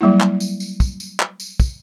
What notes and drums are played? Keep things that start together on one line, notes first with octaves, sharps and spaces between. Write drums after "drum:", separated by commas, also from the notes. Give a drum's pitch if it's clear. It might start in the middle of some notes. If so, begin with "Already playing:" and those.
F#3 G3 A#3 E4
drum: clap
drum: tambourine
drum: tambourine
drum: kick, tambourine
drum: tambourine
drum: clap
drum: tambourine
drum: kick, tambourine